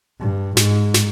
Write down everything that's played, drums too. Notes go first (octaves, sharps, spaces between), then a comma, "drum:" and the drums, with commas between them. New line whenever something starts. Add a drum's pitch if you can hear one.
G2
G#2, drum: snare
drum: snare